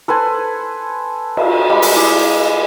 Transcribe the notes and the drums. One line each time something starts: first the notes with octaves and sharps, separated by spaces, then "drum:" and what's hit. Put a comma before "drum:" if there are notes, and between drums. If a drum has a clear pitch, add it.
A4 B4 C5 G#5
drum: cymbal
G3 G#3
drum: open hi-hat
E4 G#4 D5 D#5